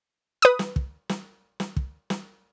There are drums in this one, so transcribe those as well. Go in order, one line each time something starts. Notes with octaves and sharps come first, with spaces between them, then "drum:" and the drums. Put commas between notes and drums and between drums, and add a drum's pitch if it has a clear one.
B4 D#6
drum: snare
drum: kick
drum: snare
drum: snare
drum: kick
drum: snare